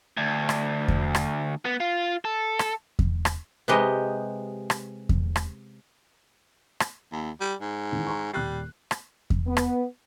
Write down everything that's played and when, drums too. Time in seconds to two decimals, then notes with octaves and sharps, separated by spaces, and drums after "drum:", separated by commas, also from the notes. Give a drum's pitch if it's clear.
0.17 D2
0.49 drum: rim click
0.88 drum: kick E2
1.15 drum: rim click
1.65 B3
1.80 F4
2.25 A4
2.59 drum: rim click
2.99 drum: kick E2
3.25 drum: rim click
3.68 C3 G#3 B3 G4 D#5
4.70 drum: rim click
5.09 drum: kick E2
5.36 drum: rim click
6.80 drum: rim click
7.12 D#2
7.41 G3
7.61 G#2
7.92 D#3 E3
8.07 A#5 C6 C#6
8.33 D#1 G3 F#6 C7
8.91 drum: rim click
9.30 drum: kick E2
9.46 B3
9.57 drum: rim click